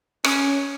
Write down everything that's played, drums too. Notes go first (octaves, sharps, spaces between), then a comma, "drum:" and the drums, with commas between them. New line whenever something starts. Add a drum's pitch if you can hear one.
C#4, drum: rim click